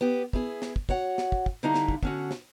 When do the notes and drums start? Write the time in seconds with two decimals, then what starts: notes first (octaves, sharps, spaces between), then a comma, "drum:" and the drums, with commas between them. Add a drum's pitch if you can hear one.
0.01 B3 G4
0.33 B3 E4 G#4, drum: kick
0.62 drum: snare
0.76 drum: kick
0.89 F#4 C#5 F#5, drum: kick
1.18 drum: snare
1.32 drum: kick
1.46 drum: kick
1.63 D3 G3 D#4 E4 F5 A#5
1.74 drum: snare
1.89 drum: kick
2.03 D3 C#4 F#4, drum: kick
2.31 drum: snare